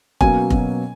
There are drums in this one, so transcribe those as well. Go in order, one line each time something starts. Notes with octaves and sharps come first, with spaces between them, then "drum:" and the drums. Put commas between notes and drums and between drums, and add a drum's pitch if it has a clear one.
B2 F#3 A#3 C#4 G#5, drum: kick F1
B2 F#3 A#3 C#4, drum: kick F1